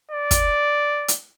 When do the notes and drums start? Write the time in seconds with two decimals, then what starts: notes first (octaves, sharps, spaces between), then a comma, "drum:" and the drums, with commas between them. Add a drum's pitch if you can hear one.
0.11 D5
0.31 drum: kick, hi-hat
1.08 drum: hi-hat